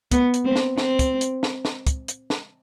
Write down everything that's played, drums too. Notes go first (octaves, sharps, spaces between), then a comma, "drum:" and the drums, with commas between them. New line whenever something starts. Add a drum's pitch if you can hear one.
B3, drum: kick, hi-hat
drum: hi-hat
C4
drum: snare
C4, drum: snare
drum: kick, hi-hat
drum: hi-hat
drum: snare
drum: snare
drum: kick, hi-hat
drum: hi-hat
drum: snare